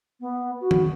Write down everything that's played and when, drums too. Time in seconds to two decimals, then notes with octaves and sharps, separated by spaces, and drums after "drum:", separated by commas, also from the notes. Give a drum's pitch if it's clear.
0.20 B3
0.61 F#4
0.71 drum: tom